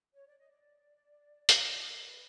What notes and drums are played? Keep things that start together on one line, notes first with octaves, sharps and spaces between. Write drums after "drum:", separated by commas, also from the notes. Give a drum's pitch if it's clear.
C#5
D5
D#5
D5
drum: hi-hat
A#4
B4